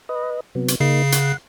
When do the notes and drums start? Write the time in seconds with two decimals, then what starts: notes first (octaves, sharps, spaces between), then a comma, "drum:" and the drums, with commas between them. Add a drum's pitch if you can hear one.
0.09 B4 D#5
0.55 C3 F#3 B3
0.68 drum: hi-hat
0.80 C#3 A#3 D#4 C7
1.12 F#5, drum: hi-hat